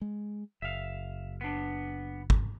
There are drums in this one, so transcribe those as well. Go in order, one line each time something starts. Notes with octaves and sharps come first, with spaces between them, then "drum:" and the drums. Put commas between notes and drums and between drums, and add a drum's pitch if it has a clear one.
G#3
F#1 E5 F5
B3 D4
drum: kick